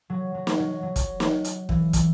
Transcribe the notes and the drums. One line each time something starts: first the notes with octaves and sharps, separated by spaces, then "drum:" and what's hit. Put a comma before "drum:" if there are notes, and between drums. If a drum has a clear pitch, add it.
F#3
F#3
drum: snare
F#3
F#3
drum: kick, hi-hat
drum: snare
drum: hi-hat
E3, drum: kick
drum: kick, hi-hat